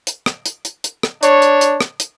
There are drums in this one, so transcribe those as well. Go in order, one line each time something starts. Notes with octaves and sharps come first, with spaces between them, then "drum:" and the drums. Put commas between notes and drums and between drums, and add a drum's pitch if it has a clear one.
drum: hi-hat
drum: rim click
drum: hi-hat
drum: hi-hat
drum: hi-hat
drum: rim click
D4 C#5, drum: hi-hat
drum: hi-hat
drum: hi-hat
drum: rim click
drum: hi-hat